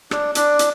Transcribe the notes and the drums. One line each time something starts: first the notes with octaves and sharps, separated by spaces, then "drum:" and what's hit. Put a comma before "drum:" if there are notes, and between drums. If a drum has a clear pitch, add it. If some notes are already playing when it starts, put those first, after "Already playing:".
D4, drum: rim click
D4, drum: hi-hat
drum: hi-hat